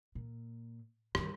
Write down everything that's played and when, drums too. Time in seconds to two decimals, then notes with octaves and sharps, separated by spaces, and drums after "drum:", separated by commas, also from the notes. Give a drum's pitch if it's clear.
0.15 A#2
1.15 G2 D#3, drum: rim click